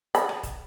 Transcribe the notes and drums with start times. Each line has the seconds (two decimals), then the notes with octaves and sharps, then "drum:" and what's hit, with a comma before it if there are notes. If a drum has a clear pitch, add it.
0.15 B5, drum: hi-hat
0.29 drum: rim click
0.43 drum: kick, hi-hat